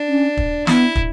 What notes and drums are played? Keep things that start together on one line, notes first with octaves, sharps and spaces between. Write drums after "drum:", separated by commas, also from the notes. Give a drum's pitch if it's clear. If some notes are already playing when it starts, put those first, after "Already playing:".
Already playing: D4
C#4
drum: kick
B3 E4, drum: snare
drum: kick